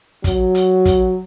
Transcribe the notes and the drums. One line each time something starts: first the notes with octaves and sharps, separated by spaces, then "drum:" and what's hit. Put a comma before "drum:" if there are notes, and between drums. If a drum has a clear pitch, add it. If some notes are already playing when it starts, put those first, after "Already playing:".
F#3, drum: kick, hi-hat
drum: hi-hat
drum: kick, hi-hat